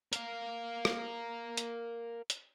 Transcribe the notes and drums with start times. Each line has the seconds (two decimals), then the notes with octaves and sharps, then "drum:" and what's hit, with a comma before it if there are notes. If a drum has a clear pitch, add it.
0.13 A#4 F5, drum: hi-hat
0.85 drum: rim click
1.57 drum: hi-hat
2.30 drum: hi-hat